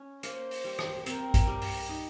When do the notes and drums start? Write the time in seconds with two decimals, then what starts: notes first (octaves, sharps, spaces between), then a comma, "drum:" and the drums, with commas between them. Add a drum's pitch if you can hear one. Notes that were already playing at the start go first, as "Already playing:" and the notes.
Already playing: C#4
0.23 A#3 C5, drum: hi-hat
0.51 drum: open hi-hat
0.64 G3
0.79 drum: rim click
1.06 C4 A#4, drum: hi-hat
1.34 drum: kick, hi-hat
1.47 G3
1.62 drum: open hi-hat
1.89 D#4